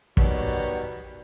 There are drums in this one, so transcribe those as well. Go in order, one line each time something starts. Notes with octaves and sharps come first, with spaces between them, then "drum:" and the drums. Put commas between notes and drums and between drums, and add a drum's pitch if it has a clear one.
B2 D#3 F#3 G3, drum: kick